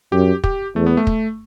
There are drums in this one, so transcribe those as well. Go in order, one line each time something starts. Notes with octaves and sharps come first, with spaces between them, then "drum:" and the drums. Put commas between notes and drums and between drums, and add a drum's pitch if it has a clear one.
F#2 G4
G4, drum: kick
E2 A3
B3
A3
drum: kick